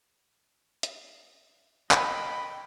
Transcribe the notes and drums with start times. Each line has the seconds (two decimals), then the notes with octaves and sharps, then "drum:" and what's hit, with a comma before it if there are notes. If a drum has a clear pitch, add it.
0.83 drum: hi-hat
1.91 D#5 G5 B5, drum: clap